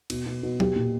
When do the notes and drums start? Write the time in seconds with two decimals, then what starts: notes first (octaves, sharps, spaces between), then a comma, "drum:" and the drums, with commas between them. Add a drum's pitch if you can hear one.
0.10 B2, drum: cymbal
0.26 B2
0.43 B2
0.60 G4, drum: tom F#3
0.76 A#2